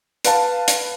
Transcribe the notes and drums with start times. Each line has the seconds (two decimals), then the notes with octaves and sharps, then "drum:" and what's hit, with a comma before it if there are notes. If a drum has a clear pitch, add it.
0.25 B4 F5 A5, drum: hi-hat
0.68 drum: hi-hat